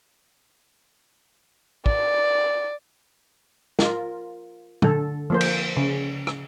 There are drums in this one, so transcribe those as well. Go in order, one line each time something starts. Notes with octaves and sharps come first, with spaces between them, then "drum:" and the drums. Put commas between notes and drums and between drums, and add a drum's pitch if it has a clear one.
D5, drum: kick
F4 A#4, drum: snare
D3 A4, drum: tom
F3 A#3 C5
drum: cymbal
C#3
drum: rim click